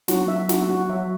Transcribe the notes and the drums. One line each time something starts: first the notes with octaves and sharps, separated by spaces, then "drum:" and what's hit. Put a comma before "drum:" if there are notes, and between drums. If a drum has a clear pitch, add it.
F#3 F#4, drum: snare
E5
F#4, drum: snare
F#4
F#3 E5